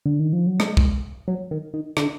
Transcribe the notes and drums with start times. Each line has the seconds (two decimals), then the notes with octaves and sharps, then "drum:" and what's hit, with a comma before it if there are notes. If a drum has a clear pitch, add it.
0.06 D3
0.20 D#3
0.33 F3
0.47 F#3
0.60 G#3, drum: rim click
0.77 drum: kick
1.28 F#3
1.51 D#3
1.74 D#3
1.97 D3, drum: rim click